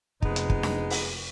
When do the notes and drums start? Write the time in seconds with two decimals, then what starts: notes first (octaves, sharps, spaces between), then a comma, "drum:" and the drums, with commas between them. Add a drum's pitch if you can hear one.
0.22 F1 G#3 B3 D#4, drum: kick
0.36 drum: hi-hat
0.50 drum: kick
0.63 drum: snare D4
0.90 drum: open hi-hat